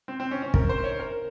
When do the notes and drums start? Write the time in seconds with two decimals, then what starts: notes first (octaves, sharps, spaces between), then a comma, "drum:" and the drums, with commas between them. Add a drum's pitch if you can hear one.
0.08 C4
0.20 C4
0.31 C#4
0.42 C#4
0.54 A#4, drum: kick
0.69 C5
0.84 C#5
0.99 A#4